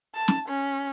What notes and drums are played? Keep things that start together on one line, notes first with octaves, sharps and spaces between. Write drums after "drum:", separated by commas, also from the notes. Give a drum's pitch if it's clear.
A5
drum: snare
C#4